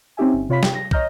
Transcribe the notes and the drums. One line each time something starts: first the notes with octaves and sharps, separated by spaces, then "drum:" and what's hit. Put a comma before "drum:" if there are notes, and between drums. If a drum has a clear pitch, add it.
C4 C#4 D#4 G4 E5 G#5
G1
C3 F4 C#5 F5 B5 B6
G5, drum: snare
A#6
C#5 D#5 A#5 F6 G6 A#6, drum: kick